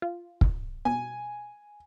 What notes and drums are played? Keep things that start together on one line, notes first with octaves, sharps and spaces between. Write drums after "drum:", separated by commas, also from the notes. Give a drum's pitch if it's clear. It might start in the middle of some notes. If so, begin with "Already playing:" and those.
F4
drum: kick
B2 G#5